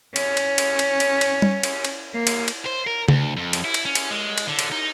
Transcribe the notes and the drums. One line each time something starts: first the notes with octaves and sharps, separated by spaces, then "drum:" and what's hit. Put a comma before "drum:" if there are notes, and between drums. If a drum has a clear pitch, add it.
C#4, drum: cymbal
drum: cymbal
drum: cymbal
drum: cymbal
drum: cymbal
drum: cymbal
drum: tom G3
drum: cymbal
drum: cymbal
A#3
drum: cymbal
drum: cymbal
C5
A#4
D2, drum: tom C#3
F2
drum: cymbal
E4
drum: cymbal
C#4
drum: cymbal
G#3
drum: cymbal
D3
drum: cymbal
D#4